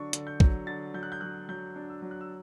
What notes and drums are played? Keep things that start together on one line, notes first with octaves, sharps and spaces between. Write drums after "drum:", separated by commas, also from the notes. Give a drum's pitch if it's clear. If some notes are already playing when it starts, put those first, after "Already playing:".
Already playing: D3 F#3 D4 C#6
D3, drum: hi-hat
G6
F#3, drum: kick
D3 A6
F#3 G6
F#6
G6
F#3 F#6
F#3 G6
D4
E6
F#3
F#6
E6